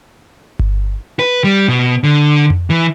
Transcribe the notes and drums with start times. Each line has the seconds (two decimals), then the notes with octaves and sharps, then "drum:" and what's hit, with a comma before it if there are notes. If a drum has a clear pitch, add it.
0.59 drum: kick G1
1.19 B4
1.44 G3
1.68 B2
2.03 D3
2.50 drum: tom F2
2.70 E3